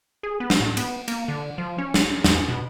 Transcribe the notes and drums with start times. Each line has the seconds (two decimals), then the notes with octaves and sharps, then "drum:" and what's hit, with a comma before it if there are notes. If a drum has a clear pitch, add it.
0.23 G#4
0.40 B3
0.50 drum: snare
0.60 A2
0.77 B3, drum: cymbal
1.08 A#3, drum: cymbal
1.28 D3
1.58 F3
1.78 C#4
1.94 drum: snare
2.24 E2, drum: snare
2.48 B2